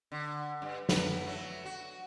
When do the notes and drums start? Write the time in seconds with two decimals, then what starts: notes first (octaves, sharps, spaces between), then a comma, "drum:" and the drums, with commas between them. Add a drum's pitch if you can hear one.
0.12 D3
0.62 G2
0.89 E3 B3 D4, drum: snare
1.27 F#3 A3
1.65 F#4